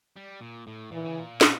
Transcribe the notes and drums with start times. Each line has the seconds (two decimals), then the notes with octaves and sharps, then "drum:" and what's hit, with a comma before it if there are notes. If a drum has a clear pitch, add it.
0.17 G3
0.41 A#2
0.67 A2
0.91 A#2 E3
1.05 C#3
1.19 A#2
1.41 drum: snare